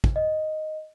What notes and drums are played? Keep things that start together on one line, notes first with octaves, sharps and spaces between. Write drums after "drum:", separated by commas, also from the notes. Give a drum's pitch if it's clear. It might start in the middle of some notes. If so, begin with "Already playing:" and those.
drum: kick
D#5